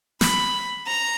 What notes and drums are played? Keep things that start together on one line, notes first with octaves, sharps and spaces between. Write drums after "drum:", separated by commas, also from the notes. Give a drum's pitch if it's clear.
B5, drum: snare
A#5